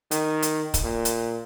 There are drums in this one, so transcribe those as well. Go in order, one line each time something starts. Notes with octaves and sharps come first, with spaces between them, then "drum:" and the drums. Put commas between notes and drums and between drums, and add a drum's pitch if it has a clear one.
D#3, drum: hi-hat
drum: hi-hat
drum: kick C#1, hi-hat
A#2
drum: hi-hat